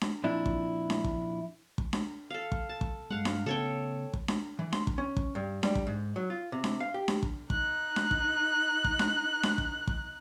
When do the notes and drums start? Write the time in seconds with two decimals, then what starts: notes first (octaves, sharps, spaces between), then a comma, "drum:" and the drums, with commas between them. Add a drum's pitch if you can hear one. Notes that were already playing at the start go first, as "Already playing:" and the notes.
0.01 drum: snare D4
0.24 F2 A#2 D4 E4
0.46 drum: kick
0.90 drum: snare D4
1.04 drum: kick
1.78 drum: kick
1.93 drum: snare D4
2.30 A4 F5
2.52 drum: kick
2.69 A5
2.81 drum: kick
3.10 G2 G#3 F5 F#5
3.25 drum: snare D4
3.46 C#3 A3 B3 A4 C#5 G5
4.14 drum: kick
4.28 drum: snare D4
4.59 E3
4.73 C6, drum: snare D4
4.87 drum: kick
4.98 C#4
5.17 drum: kick
5.35 G2
5.63 G3, drum: snare D4
5.75 drum: kick
5.87 G#2
6.16 F#3
6.30 F4
6.52 C3
6.64 drum: snare D4
6.80 F5
6.94 G4
7.08 drum: snare D4
7.23 drum: kick
7.50 D#4 F#6, drum: kick
7.96 drum: snare D4
8.11 drum: kick
8.84 drum: kick
8.99 drum: snare D4
9.43 drum: snare D4
9.58 drum: kick
9.87 drum: kick